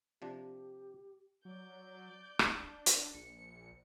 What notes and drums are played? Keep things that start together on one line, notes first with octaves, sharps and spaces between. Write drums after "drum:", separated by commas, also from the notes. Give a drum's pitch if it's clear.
C3 F3 D4 G4
F#3 D5 G6
D4, drum: rim click
drum: hi-hat
A#1 C#7